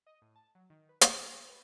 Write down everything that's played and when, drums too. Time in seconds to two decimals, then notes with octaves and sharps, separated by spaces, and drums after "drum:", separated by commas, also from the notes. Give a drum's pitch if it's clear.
0.07 D#5
0.22 A2
0.36 A5
0.55 F#3
0.70 D#3
0.89 B4
1.01 D4, drum: hi-hat
1.27 C6
1.49 B4